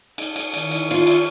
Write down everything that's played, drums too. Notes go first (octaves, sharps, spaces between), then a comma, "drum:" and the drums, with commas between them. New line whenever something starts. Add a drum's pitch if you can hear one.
drum: cymbal
drum: cymbal
D#3 E4, drum: cymbal
drum: cymbal
F4, drum: cymbal
drum: cymbal